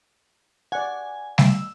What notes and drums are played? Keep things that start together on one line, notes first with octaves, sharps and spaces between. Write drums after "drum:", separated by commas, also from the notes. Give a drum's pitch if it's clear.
D5 F#5 G#5
E6, drum: snare G3